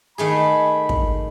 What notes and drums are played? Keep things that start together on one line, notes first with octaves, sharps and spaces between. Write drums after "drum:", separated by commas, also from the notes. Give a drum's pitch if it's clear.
D#3 A3 G#4 B5
drum: kick